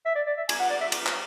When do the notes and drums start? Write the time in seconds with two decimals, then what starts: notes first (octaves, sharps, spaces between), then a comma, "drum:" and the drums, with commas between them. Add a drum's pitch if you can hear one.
0.06 E5
0.15 D5
0.27 D5
0.38 E5
0.49 G#5, drum: cymbal
0.60 F#5
0.70 D5
0.81 E5
0.92 drum: cymbal
1.06 drum: clap